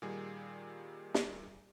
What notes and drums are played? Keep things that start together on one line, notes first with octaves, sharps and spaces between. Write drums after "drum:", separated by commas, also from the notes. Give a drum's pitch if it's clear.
A#2 D#3 G3 G#4
drum: snare